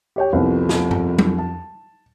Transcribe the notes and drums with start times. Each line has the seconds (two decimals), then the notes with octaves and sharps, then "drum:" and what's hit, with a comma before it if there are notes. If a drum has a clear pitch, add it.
0.16 G4 C#5 G5
0.33 C2 F2 B3 C4
0.69 drum: snare
0.91 drum: tom G2
1.19 drum: tom F#3
1.39 A5